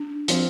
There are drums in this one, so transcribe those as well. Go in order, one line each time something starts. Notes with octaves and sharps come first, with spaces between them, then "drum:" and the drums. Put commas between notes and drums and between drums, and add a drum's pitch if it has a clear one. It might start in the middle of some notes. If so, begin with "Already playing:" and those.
Already playing: D4
F3 C4 F4, drum: hi-hat